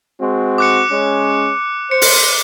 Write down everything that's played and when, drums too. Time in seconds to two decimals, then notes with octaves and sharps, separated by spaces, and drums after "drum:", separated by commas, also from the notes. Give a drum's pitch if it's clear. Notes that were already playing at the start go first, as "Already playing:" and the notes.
0.20 G#3 C4 F#4
0.58 D6 F#6 C#7
0.91 G#3 C#4
1.91 C5 C#7
2.02 drum: open hi-hat